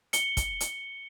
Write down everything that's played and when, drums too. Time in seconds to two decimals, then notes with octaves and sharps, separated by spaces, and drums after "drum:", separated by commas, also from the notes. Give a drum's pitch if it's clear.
0.13 C#7 G7, drum: hi-hat
0.37 drum: kick, hi-hat
0.60 drum: hi-hat